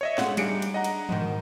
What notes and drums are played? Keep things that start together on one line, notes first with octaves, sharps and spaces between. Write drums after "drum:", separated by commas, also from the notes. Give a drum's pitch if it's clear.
C#5 D#5 E5
G#3 A3 F4 F#5, drum: snare
G3 D4 D#4 G#4 C#7 D7, drum: cymbal
drum: cymbal
D#5 F#5 A#5
drum: cymbal
G#2 B2 D#3, drum: tom E3